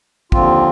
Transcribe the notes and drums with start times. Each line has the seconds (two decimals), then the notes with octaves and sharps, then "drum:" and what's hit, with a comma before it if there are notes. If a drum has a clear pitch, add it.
0.32 D#2 D3 F3 C4 F4, drum: kick